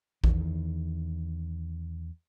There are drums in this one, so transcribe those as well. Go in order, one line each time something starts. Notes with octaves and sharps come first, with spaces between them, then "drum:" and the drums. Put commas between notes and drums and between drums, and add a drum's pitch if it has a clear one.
E2 D#3, drum: kick A#1